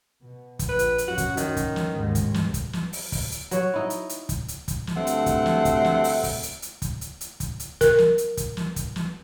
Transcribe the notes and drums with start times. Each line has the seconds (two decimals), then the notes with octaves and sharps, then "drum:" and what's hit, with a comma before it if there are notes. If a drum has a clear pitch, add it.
0.22 B2
0.59 drum: kick, hi-hat
0.69 A#1 B4
0.79 drum: hi-hat
0.98 drum: hi-hat
1.08 F#2 F#4
1.18 drum: kick, hi-hat
1.37 D#3, drum: hi-hat
1.57 drum: kick, hi-hat
1.76 drum: snare
1.90 D#2 G#2
2.15 drum: kick, hi-hat
2.34 drum: snare
2.54 drum: kick, hi-hat
2.73 drum: snare
2.93 drum: open hi-hat
3.12 drum: kick, open hi-hat
3.32 drum: hi-hat
3.51 F#3 C#5, drum: hi-hat
3.74 D#4 E4
3.90 drum: hi-hat
4.09 drum: hi-hat
4.29 drum: kick, hi-hat
4.48 drum: hi-hat
4.68 drum: kick, hi-hat
4.87 drum: snare
4.96 D2 G2 A3 C4 F#5
5.07 drum: hi-hat
5.26 drum: kick, hi-hat
5.46 drum: snare
5.65 drum: kick, hi-hat
5.85 drum: snare
6.04 drum: open hi-hat
6.23 drum: kick, open hi-hat
6.43 drum: hi-hat
6.62 drum: hi-hat
6.82 drum: kick, hi-hat
7.01 drum: hi-hat
7.21 drum: hi-hat
7.40 drum: kick, hi-hat
7.60 drum: hi-hat
7.81 A#4, drum: kick, hi-hat
7.98 drum: snare
8.18 drum: hi-hat
8.37 drum: kick, hi-hat
8.57 drum: snare
8.76 drum: kick, hi-hat
8.96 drum: snare